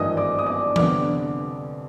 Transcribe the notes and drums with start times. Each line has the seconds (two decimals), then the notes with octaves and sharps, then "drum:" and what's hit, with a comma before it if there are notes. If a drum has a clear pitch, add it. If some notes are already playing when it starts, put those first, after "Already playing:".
Already playing: G#1 G2 E3 G3 A#3 D#5 D#6
0.17 D5 D6
0.39 D#6
0.46 D5 D6
0.76 F1 F2 D3 G3 B3 D5 D6, drum: tom E3